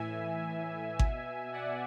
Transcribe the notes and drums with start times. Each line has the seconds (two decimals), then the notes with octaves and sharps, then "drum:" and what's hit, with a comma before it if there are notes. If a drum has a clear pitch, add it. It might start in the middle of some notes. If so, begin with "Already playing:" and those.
Already playing: A2 E3 E5 G#5
0.99 B2, drum: kick G#1
1.52 D5 F#5